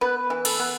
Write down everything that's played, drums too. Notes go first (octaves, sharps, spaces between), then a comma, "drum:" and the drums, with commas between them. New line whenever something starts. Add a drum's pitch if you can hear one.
B3 B4
E3
A4, drum: cymbal
B3